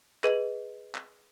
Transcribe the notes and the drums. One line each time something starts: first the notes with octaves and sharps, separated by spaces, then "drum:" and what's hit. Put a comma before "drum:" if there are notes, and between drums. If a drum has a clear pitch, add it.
G#4 B4 D#5 F#7, drum: clap
drum: clap